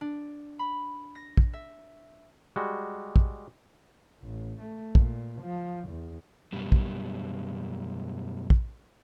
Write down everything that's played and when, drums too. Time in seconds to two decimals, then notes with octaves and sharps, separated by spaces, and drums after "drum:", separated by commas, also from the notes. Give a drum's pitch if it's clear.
0.01 D4
0.59 B5
1.15 A#6
1.37 drum: kick
1.53 E5
2.56 G3 G#3 F#4
3.16 drum: kick
4.23 A1
4.61 A3
4.95 A#2, drum: kick
5.42 F3
5.89 E2
6.53 F#2 B2 G3
6.72 drum: kick
8.50 drum: kick